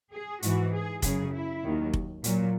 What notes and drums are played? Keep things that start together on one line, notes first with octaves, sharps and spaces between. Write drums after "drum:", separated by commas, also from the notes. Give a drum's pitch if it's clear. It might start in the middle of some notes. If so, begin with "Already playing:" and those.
G#4
G#2 E3 F#4, drum: hi-hat
G#4
F#2 C#3 F#3 G#4, drum: kick F1, hi-hat
E4
D#2 D#3 F#3
drum: kick F1
A#2 F#3, drum: hi-hat